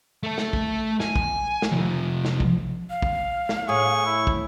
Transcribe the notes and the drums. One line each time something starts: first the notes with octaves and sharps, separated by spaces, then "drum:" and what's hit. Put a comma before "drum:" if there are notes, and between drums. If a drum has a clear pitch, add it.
A3 A4
drum: snare
drum: kick
G#5, drum: snare
drum: kick
drum: snare
C3 F3
drum: snare
drum: kick
F5
drum: kick
drum: snare
A2 G#4 C#6
E4
drum: kick